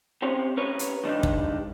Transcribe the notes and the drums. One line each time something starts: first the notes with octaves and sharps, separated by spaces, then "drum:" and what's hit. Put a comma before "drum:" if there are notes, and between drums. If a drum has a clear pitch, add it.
C4 C#4 G4 C5 C#5
C#4 G4 A#4 B4 C#5
drum: hi-hat
G2 D#3 G3 G#3 D4 D#4
drum: kick